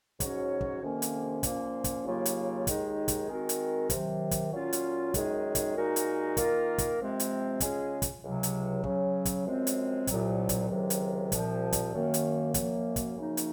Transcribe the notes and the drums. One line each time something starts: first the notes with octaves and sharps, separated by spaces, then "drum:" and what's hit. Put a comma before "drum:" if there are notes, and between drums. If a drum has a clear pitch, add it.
G#2 F#3 C#4 F#4 C#5, drum: kick, hi-hat
drum: kick
F2 C3 D#3 A#3 C#4
drum: hi-hat
A#2 F3 A#3 C#4, drum: kick, hi-hat
drum: kick, hi-hat
D#2 C#3 F#3 A#3 F4
drum: hi-hat
D#2 D#3 G#3 D#4 G#4, drum: kick, hi-hat
drum: kick, hi-hat
D#3 G#3 C4 F#4 A#4
drum: hi-hat
C3 D#3 F#3, drum: kick, hi-hat
drum: kick, hi-hat
A#2 F#3 C#4 F4
drum: hi-hat
F#2 D#3 G#3 D#4 G#4, drum: kick, hi-hat
drum: kick, hi-hat
A#2 G#3 D#4 F#4 A#4
drum: hi-hat
D#3 A#3 F4 A#4, drum: kick, hi-hat
drum: kick, hi-hat
C3 F3 G#3 C4
drum: hi-hat
C#3 G#3 C#4 F4 G#4, drum: kick, hi-hat
drum: kick, hi-hat
C#2 C3 F#3
drum: hi-hat
C#3 F#3 C#4, drum: kick
drum: kick, hi-hat
F#2 F3 G#3 C4
drum: hi-hat
C2 A#2 F#3, drum: kick, hi-hat
drum: kick, hi-hat
C#2 C3 D#3 F#3
drum: hi-hat
C2 A#2 F3, drum: kick, hi-hat
drum: kick, hi-hat
F#2 D#3 A#3
drum: hi-hat
F#2 F3 A#3, drum: kick, hi-hat
drum: kick, hi-hat
F#2 C#3 F3 A#3 D#4
drum: hi-hat